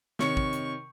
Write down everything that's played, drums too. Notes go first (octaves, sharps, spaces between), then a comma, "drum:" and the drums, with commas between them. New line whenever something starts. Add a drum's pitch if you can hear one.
C3 D#3 C#5 C#6 C#7, drum: snare
drum: kick
drum: hi-hat